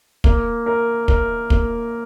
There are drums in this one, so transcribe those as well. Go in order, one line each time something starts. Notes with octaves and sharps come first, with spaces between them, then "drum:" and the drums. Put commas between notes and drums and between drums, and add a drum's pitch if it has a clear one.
A#3, drum: kick
A#4
A#4, drum: kick
A#3, drum: kick